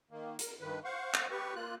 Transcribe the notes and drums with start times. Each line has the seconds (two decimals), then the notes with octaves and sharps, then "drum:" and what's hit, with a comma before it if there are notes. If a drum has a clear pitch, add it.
0.11 D#3 A#3
0.39 A#4, drum: hi-hat
0.60 G2 D#3 B4
0.84 C5 F5 F#5 C#6
1.14 drum: clap
1.31 G4 B4 C#6
1.55 A#3 F4 F#6